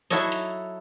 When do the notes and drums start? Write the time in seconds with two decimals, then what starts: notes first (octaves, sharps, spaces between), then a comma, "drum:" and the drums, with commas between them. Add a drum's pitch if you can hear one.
0.10 F#3 E4 F#4 A4 C#5 D#5, drum: hi-hat
0.32 drum: hi-hat